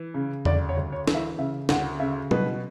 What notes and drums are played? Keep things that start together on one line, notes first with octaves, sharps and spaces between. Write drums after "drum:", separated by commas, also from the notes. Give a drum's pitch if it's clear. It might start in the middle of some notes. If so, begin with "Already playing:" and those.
Already playing: E3
C#3
D2 D5, drum: tom E2
C#5
D2
C#5
E3, drum: snare
E5
C#3 E5
D2 F#5, drum: snare
C#3 E5
B2 B4, drum: tom F#3